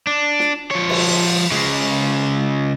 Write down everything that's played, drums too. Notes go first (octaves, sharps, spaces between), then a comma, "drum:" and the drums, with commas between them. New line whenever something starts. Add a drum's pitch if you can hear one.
D4
drum: snare
F3 C#5
drum: cymbal
C#3 G#3